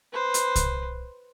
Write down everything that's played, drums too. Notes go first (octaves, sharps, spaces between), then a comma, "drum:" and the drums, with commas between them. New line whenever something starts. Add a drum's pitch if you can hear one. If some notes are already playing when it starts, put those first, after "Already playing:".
B4 C5
drum: hi-hat
drum: kick C2, hi-hat